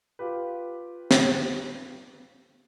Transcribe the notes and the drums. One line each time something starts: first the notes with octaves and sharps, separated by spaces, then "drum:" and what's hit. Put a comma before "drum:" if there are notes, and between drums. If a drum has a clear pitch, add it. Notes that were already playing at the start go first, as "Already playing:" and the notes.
F4 G4 B4
drum: snare